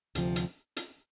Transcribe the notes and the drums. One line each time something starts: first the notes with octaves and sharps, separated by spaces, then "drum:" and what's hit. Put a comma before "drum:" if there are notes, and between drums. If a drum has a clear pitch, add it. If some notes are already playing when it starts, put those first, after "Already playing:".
D2 C3 F3, drum: hi-hat
drum: hi-hat
drum: hi-hat